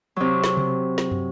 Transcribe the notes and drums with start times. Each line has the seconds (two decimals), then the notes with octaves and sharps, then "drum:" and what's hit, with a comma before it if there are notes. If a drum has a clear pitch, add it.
0.16 C3 F#3
0.44 drum: snare
0.57 drum: tom C3
0.98 drum: snare
1.11 drum: tom